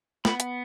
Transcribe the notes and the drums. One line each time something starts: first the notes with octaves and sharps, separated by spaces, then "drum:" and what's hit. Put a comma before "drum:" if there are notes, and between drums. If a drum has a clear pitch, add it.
B3 B5, drum: snare
drum: hi-hat